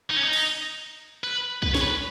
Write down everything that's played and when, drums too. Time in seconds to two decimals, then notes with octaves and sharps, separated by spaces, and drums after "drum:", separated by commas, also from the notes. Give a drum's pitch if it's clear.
0.10 D#4
0.16 C#4
0.23 D#4
0.33 drum: cymbal
1.24 B4
1.63 B4, drum: kick
1.75 C#5, drum: snare
1.81 B4